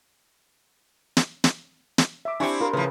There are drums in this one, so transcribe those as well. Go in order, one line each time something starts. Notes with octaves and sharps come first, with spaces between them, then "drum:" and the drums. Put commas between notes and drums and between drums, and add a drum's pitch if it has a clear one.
drum: snare
drum: snare
drum: snare
E5 D6
C4 D4 E4 G4 G#5 C#6
F4 A#4 C6
A2 C#3 F3 B4